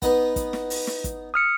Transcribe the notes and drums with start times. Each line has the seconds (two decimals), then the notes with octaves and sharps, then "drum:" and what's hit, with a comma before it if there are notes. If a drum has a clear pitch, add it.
0.02 B3 D#4 B4, drum: kick, hi-hat
0.36 drum: kick, hi-hat
0.53 drum: snare
0.70 drum: open hi-hat
0.87 drum: snare
1.04 drum: kick, hi-hat
1.34 D#6 F6 C#7